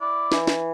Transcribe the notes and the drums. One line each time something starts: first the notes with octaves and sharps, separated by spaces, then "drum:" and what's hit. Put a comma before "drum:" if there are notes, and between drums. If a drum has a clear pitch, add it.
E4 D5
E3, drum: snare
drum: snare